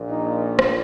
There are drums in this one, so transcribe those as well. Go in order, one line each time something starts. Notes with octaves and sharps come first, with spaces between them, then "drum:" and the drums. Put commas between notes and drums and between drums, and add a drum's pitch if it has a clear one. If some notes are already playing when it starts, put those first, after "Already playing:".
Already playing: A#1 A#2
D#4
drum: rim click